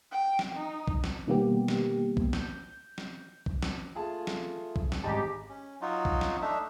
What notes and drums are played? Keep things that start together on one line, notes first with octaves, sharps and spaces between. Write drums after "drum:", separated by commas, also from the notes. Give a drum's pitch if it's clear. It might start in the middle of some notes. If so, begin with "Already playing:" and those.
G5
drum: snare
D#4
drum: kick
drum: snare
B2 D#3 G3 A#3 B3 G4
drum: snare
drum: kick
G6, drum: snare
drum: snare
drum: kick
drum: snare
A3 F4 G#4 A5
drum: snare
drum: kick
drum: snare
G#1 G3 G#3 D#4 G4 A5
C#4
F#3 D#4 F4 F#4
drum: kick
drum: snare
A3 D4 D#4 E5